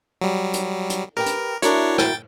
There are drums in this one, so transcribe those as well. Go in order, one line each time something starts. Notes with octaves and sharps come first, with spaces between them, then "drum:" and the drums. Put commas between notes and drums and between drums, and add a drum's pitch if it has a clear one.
F#3 G3
drum: hi-hat
drum: hi-hat
G4 A#4 B4 G5
drum: hi-hat
D4 E4 F#4 A#4 C#5, drum: hi-hat
G5 A6, drum: rim click